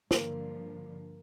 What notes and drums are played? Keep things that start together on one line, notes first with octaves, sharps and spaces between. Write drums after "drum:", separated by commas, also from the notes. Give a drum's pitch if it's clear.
G2 D3 F3 A#3, drum: snare